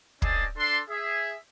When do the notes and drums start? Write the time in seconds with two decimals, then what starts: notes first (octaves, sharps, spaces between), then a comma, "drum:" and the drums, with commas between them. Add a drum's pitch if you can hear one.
0.22 C4 C#4 G#4 D5 D#5 A5, drum: kick
0.57 D4 A4 C6
0.90 G#4 E5